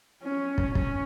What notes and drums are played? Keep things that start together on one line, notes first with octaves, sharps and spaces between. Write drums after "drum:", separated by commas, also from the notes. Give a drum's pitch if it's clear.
C#4
drum: kick
C#4, drum: kick